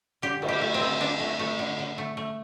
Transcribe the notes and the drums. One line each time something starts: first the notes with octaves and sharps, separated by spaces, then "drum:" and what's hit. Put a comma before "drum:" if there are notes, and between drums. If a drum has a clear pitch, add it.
D3 G4
A3, drum: cymbal
G4
A3
C4
D3
D3 D4
A3
A3
D3
D3
A3
A3